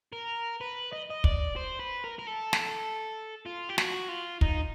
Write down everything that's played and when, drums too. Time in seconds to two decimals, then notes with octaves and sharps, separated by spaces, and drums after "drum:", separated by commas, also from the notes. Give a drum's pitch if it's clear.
0.13 A#4
0.61 B4
0.93 D#5
1.10 D#5
1.24 D5, drum: kick
1.56 C5
1.79 B4
2.04 A#4
2.18 A#4
2.27 A4
2.53 drum: snare
3.46 F4
3.69 G4
3.78 F#4, drum: snare
4.08 F4
4.41 D#4, drum: kick